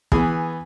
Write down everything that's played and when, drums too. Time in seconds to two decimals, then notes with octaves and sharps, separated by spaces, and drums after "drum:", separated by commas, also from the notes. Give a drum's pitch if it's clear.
0.12 E3 B3 G#4 G#5, drum: kick